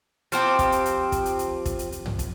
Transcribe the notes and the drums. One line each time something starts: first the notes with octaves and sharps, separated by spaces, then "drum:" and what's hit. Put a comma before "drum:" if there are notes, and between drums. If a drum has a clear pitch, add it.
F3 C4 G4, drum: hi-hat
drum: kick, hi-hat
drum: hi-hat
drum: hi-hat
drum: kick, hi-hat
drum: hi-hat
drum: hi-hat
drum: kick, hi-hat
drum: hi-hat
drum: hi-hat
drum: tom
drum: kick, hi-hat